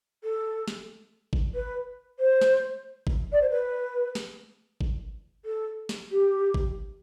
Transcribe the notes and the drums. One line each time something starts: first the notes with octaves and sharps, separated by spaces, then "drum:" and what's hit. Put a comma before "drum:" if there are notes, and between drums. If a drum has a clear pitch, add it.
A4
drum: snare
drum: kick G1
B4
C5
drum: snare
drum: kick G1
D5
C5
B4
drum: snare
drum: kick G1
A4
drum: snare
G4
drum: kick G1